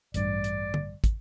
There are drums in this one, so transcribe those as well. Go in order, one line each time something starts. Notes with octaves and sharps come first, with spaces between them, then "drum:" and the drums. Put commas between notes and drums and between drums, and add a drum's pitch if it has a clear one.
A1 G2 D5, drum: hi-hat
drum: hi-hat
drum: tom D3
drum: kick, hi-hat